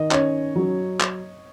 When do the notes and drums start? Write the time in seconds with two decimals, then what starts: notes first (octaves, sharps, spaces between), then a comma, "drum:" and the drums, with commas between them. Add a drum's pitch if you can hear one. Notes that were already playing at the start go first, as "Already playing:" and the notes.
Already playing: D#3 D#5
0.11 C#4 C#5, drum: clap
0.56 F#3
1.00 drum: clap